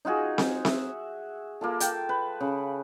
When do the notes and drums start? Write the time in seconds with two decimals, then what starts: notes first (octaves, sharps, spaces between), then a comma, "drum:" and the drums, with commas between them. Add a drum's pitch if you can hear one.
0.05 D#4 F4 F#4 G#4
0.38 drum: snare C4
0.65 E5, drum: snare C4
1.61 A#3 F4 A4
1.80 G5 A5, drum: hi-hat
2.09 B4
2.40 C#3